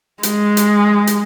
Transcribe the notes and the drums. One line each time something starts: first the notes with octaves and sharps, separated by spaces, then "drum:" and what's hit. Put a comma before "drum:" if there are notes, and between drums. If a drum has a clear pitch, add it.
G#3, drum: hi-hat
drum: hi-hat
drum: hi-hat